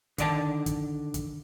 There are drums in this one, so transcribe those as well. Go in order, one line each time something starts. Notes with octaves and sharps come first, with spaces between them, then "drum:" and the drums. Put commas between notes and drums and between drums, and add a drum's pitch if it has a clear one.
D3 D#3 D5 D#5 A5, drum: kick, hi-hat
drum: kick, hi-hat
drum: kick, hi-hat